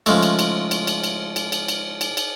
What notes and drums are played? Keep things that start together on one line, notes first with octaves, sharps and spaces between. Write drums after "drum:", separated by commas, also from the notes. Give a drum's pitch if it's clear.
C#3 F3 G#3 A3, drum: cymbal
drum: cymbal
drum: cymbal
drum: cymbal
drum: cymbal
drum: cymbal
drum: cymbal
drum: cymbal
drum: cymbal
drum: cymbal
drum: cymbal